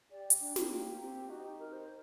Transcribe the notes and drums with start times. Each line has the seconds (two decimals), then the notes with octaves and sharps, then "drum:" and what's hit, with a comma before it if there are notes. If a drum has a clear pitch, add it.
0.11 G4 D5
0.30 drum: hi-hat
0.41 D4
0.56 C4, drum: snare
0.71 A#3
1.00 C4
1.29 D#4 F#4
1.44 G4
1.59 A#4
1.73 C5